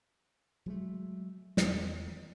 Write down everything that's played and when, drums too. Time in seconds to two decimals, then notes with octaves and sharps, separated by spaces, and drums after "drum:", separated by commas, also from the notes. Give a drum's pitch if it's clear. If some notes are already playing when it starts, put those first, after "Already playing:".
0.66 F#3 G#3 A3
1.57 E2 D#3, drum: snare